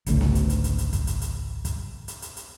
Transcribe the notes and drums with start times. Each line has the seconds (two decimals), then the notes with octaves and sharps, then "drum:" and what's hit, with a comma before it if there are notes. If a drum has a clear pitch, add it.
0.06 G#1 C#2 D3 A3, drum: hi-hat
0.21 drum: snare B3
0.35 drum: hi-hat
0.50 drum: hi-hat
0.64 drum: hi-hat
0.78 drum: hi-hat
0.93 drum: kick, hi-hat
1.07 drum: hi-hat
1.22 drum: hi-hat
1.65 drum: kick, hi-hat
2.08 drum: hi-hat
2.22 drum: hi-hat
2.37 drum: hi-hat